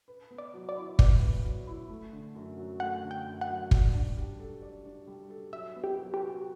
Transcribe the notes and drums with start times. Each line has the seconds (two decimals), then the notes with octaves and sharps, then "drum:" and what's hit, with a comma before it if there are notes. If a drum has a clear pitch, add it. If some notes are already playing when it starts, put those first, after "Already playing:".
0.08 B4
0.31 B3
0.38 D5
0.54 F#3
0.69 D5
0.76 E4
0.99 B4 D5, drum: kick
1.22 B3
1.45 F#3
1.67 E4
1.89 A3
2.12 D3
2.35 F#2
2.58 F#3
2.80 A3 F#5
3.03 D3
3.11 G5
3.26 F#2
3.41 F#5
3.49 F#3
3.71 D5, drum: kick
3.94 D4
4.17 G3
4.39 A4
4.62 D5
4.84 D4
5.07 G3
5.30 A4
5.53 F#3 E5
5.76 B3
5.84 G4
5.98 F#3
6.14 G4
6.21 F#4